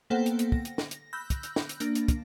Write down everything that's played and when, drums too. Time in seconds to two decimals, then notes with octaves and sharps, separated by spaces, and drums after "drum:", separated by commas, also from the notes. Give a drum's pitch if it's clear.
0.10 A#3 B3 A4 C5 F#5 G5
0.26 drum: hi-hat
0.39 drum: hi-hat
0.52 A#6, drum: kick
0.65 drum: hi-hat
0.78 drum: snare
0.91 drum: hi-hat
1.13 B5 E6 F#6 G6 A#6
1.30 drum: kick, hi-hat
1.43 drum: hi-hat
1.56 drum: snare
1.69 drum: hi-hat
1.80 A#3 D4 A#6, drum: hi-hat
1.95 drum: hi-hat
2.08 drum: kick, hi-hat